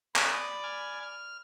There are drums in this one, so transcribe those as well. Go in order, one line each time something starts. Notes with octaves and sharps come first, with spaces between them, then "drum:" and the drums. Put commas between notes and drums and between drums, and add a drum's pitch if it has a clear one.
D5 B5 D#6, drum: clap
G#5 F6
F6